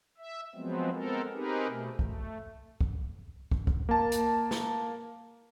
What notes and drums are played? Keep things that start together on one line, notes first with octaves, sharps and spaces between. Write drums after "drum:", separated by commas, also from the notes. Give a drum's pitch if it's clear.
E5
F3 F#3 G#3 B3 C4
G#3 B3 C4 A4 A#4
C4 D#4 G4 G#4 A#4 B4
B2 A3
A3, drum: kick
drum: kick
drum: kick
drum: kick
A#3 A5
drum: hi-hat
drum: snare